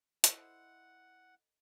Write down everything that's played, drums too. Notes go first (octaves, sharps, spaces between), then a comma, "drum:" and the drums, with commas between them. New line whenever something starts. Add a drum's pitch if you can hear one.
E4 A4 C5 D#5 F#5, drum: hi-hat